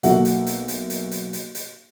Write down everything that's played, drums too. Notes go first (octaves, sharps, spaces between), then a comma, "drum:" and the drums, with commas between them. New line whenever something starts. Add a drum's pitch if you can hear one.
B1 A#3 F#4 A4 E5 F#5, drum: hi-hat
drum: hi-hat
drum: hi-hat
drum: hi-hat
drum: hi-hat
drum: hi-hat
drum: hi-hat
drum: hi-hat